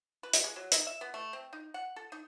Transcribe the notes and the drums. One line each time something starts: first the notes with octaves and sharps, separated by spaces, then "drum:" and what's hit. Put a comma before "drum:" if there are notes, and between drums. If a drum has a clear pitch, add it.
B4
drum: hi-hat
G#3
F#3
D#4, drum: hi-hat
E5
B3
A3
C4
D#4
F#5
A4
D#4